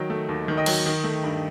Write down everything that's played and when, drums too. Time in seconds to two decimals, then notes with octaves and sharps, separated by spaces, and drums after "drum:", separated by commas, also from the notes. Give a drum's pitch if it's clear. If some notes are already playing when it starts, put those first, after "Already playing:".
Already playing: D#3 F#3 D#5 G5
0.10 A3
0.29 D#2
0.48 D#3
0.57 D#5 G5
0.66 F#3, drum: cymbal
0.86 D#3
1.04 A3
1.24 G2